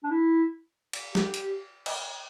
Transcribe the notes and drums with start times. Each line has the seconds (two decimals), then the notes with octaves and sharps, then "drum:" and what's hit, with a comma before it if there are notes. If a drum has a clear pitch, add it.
0.04 D4
0.11 E4
0.93 drum: cymbal
1.15 G4, drum: snare
1.34 drum: hi-hat
1.86 drum: cymbal